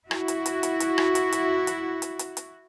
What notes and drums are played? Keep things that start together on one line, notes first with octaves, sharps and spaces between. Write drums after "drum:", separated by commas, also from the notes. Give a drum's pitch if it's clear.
E4 F#4, drum: rim click
drum: hi-hat
drum: hi-hat
drum: hi-hat
drum: hi-hat
drum: rim click
drum: hi-hat
drum: hi-hat
drum: hi-hat
drum: hi-hat
drum: hi-hat
drum: hi-hat